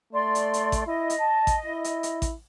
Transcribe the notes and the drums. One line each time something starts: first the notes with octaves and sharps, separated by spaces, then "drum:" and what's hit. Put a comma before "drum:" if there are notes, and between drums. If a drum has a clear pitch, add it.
A3 D5 C6
drum: hi-hat
drum: hi-hat
drum: kick A1, hi-hat
E4 D#5
drum: hi-hat
A5
drum: kick A1, hi-hat
E4
drum: hi-hat
drum: hi-hat
drum: kick A1, hi-hat